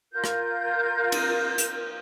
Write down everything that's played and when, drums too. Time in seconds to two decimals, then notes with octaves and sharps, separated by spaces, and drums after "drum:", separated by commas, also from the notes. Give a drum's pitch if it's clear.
0.12 F4 A#4 G6
0.24 drum: rim click
1.12 drum: cymbal
1.58 drum: hi-hat